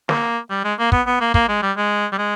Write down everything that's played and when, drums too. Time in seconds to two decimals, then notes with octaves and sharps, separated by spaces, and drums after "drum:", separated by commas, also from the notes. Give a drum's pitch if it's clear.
0.09 A#3, drum: snare
0.50 G3
0.64 G#3
0.79 A#3
0.92 B3, drum: kick
1.07 B3
1.20 A#3
1.34 A#3, drum: kick
1.49 G#3
1.62 G3
1.77 G#3
2.12 G3
2.18 G#3